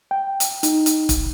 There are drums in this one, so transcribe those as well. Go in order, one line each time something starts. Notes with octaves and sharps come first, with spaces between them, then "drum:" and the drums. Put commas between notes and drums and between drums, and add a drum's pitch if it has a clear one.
G5
drum: hi-hat
D#4, drum: hi-hat
drum: hi-hat
drum: kick, hi-hat